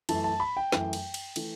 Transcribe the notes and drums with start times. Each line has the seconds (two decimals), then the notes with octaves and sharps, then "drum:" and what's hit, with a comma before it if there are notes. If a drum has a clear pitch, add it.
0.09 F#2 E3 A3 A5, drum: cymbal
0.24 A5
0.40 B5
0.57 G5
0.72 F#2 E3 A3, drum: snare
0.93 drum: cymbal
1.14 drum: cymbal
1.36 E3 A3, drum: cymbal